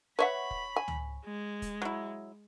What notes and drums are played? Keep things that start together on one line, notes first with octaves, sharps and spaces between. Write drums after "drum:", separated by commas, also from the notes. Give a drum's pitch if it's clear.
B4 C#5 E5 F#5 B5
drum: kick
G#5
drum: tom C#2
G#3
drum: kick, hi-hat
F#3 E4